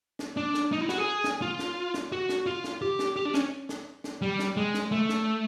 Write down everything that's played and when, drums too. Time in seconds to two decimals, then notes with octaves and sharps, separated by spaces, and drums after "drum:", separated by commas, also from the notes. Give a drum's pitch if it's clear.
0.19 drum: snare
0.37 D4
0.54 drum: snare
0.72 D#4
0.81 E4
0.89 F#4, drum: snare
0.98 G#4
1.24 drum: snare
1.42 F4
1.59 drum: snare
1.94 drum: snare
2.12 F#4
2.29 drum: snare
2.46 F4
2.64 drum: snare
2.82 G4
2.99 drum: snare
3.16 G4
3.25 D4
3.34 C#4, drum: snare
3.69 drum: snare
4.04 drum: snare
4.22 G3
4.39 drum: snare
4.57 G#3
4.74 drum: snare
4.92 A3
5.09 drum: snare